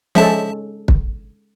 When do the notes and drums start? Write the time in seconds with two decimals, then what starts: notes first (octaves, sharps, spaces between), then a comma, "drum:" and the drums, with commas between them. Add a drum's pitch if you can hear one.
0.15 F3 G#3 C#4 A4 E5 A5
0.88 drum: kick